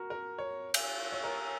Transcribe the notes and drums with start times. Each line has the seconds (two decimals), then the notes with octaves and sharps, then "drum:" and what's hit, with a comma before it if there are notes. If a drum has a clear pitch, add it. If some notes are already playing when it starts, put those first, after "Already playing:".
Already playing: F#4 A#4
0.10 A#4
0.39 C#5
0.74 drum: cymbal
1.12 C#5
1.24 A#4